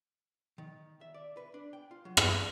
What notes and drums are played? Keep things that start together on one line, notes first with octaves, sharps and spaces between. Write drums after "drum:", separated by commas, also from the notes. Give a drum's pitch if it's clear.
D#3
E5
D5
B4
D4
G5
F4
F#3
drum: rim click
G3